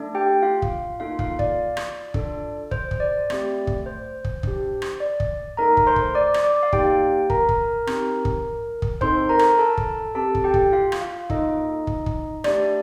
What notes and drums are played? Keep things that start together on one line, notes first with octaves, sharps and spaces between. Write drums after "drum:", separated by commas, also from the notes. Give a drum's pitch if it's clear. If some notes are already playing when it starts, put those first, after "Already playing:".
Already playing: A3 D4 A4
G4 G5
F4 F5
drum: kick
A#3 D#4 F4 A4 F5
F4 F5, drum: kick
D5, drum: kick
drum: rim click
D4 F4 A4, drum: kick
C5, drum: kick
drum: kick
D5
A3 C4 G4, drum: rim click
drum: kick
C5
drum: kick
D4 G4, drum: kick
drum: rim click
D5
drum: kick
A3 D#4 A4 A#4 A#5
drum: kick
C5 C6
drum: kick
D5 D6
drum: rim click
D5 D6
F5
A#3 D#4 G4 G5, drum: kick
A#4 A#5, drum: kick
drum: kick
C4 D#4 G4, drum: rim click
drum: kick
drum: kick
C4 D#4 A4 C5 C6, drum: kick
A#4 A#5
drum: rim click
A4 A5
drum: kick
C4 G4 A4 A5
drum: kick
G4 G5
drum: kick
F4 F5
drum: rim click
F4 F5
A#3 D#4 F4 A4 D#5, drum: kick
drum: kick
drum: kick
A3 D4 G4 D5, drum: rim click